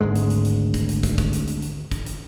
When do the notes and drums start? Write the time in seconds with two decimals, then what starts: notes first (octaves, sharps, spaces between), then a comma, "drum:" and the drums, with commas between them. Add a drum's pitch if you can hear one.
0.01 G#1 D2 G#2 G#3
0.15 drum: hi-hat
0.30 drum: hi-hat
0.45 drum: hi-hat
0.74 drum: kick, hi-hat
0.89 drum: hi-hat
1.03 drum: kick, hi-hat
1.18 drum: kick, hi-hat
1.33 drum: hi-hat
1.47 drum: hi-hat
1.62 drum: hi-hat
1.91 drum: kick, hi-hat
2.06 drum: hi-hat